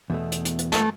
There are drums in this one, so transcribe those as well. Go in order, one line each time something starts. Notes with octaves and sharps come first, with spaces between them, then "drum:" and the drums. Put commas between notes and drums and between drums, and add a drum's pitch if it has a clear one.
E2 B2 A3
drum: hi-hat
drum: hi-hat
drum: hi-hat
A3, drum: snare